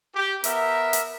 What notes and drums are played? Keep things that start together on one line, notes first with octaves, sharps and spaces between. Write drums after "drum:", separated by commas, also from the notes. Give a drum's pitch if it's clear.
G4
B3 A#4 E5, drum: hi-hat
drum: hi-hat